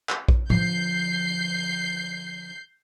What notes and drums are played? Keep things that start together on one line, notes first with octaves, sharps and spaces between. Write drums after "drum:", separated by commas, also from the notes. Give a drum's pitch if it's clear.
drum: clap
drum: kick A#1
D3 F3 G6 C7, drum: tom A2